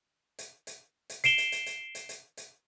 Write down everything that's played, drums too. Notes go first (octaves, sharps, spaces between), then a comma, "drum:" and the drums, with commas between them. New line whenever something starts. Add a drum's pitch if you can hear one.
drum: hi-hat
drum: hi-hat
drum: hi-hat
C7 D7 E7 G7, drum: hi-hat
drum: hi-hat
drum: hi-hat
drum: hi-hat
drum: hi-hat
drum: hi-hat
drum: hi-hat